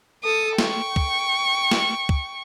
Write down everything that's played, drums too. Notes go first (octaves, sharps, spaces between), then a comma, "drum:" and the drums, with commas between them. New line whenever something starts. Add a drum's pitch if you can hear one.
A4 D#6
G5 C#6, drum: snare
drum: kick
drum: snare
drum: kick